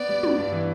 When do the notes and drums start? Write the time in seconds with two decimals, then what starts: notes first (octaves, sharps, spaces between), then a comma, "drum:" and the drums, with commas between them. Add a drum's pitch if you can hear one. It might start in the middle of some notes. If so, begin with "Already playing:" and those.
Already playing: B3 D5
0.09 G3
0.23 G3, drum: tom
0.38 G2
0.52 E3